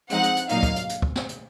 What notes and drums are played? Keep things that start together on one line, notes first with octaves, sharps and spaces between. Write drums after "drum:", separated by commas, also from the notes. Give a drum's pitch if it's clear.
F3 G#3 C4 D#4 F#5, drum: hi-hat
drum: hi-hat
drum: hi-hat
A#2 F#3 A#3 D#4 F5, drum: hi-hat
drum: kick, hi-hat
drum: hi-hat
drum: hi-hat
drum: kick
drum: snare
drum: hi-hat